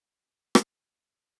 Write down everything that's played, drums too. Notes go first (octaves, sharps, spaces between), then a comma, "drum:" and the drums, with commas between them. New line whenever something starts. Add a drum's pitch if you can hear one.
C4 F4 A5 C6 D#6
drum: rim click